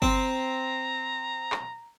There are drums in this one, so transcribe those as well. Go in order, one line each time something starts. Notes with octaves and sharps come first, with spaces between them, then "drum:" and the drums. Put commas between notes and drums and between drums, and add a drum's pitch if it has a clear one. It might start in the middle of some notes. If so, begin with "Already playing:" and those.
C4 A#5, drum: kick G1
drum: clap